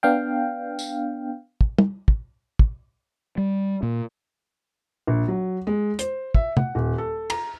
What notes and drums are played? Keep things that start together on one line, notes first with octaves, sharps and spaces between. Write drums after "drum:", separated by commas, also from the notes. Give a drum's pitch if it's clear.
B3 D4 F5 G5
drum: tambourine
drum: kick
drum: tom
drum: kick
drum: kick
G3
A#2
A#1
F#3
G#3
C5, drum: hi-hat
E5, drum: kick
F#5, drum: tom
D#1
A4
A#5, drum: cymbal